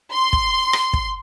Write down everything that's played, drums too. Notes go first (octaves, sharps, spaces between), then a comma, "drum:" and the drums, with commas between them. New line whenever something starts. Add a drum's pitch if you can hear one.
C6
drum: kick
drum: rim click
drum: kick